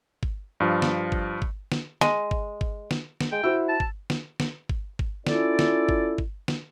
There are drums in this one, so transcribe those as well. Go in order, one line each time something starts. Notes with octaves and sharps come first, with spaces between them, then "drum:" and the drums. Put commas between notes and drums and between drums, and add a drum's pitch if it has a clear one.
drum: kick G1
G2 F3
drum: snare
drum: kick G1
drum: kick G1
drum: snare
G#3, drum: snare
drum: kick G1
drum: kick G1
drum: snare
drum: snare
G#3 G5
E4 F#4 C5 E6
A5
drum: kick G1
drum: snare
drum: snare
drum: kick G1
drum: kick G1
C#4 E4 F4 A4 D5, drum: snare
drum: snare
drum: kick G1
drum: kick G1
drum: snare